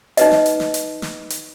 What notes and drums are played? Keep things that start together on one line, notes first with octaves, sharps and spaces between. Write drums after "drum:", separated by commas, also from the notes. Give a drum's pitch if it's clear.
D#4 B4 D#5, drum: hi-hat
drum: snare
drum: hi-hat
drum: snare
drum: hi-hat
drum: snare
drum: hi-hat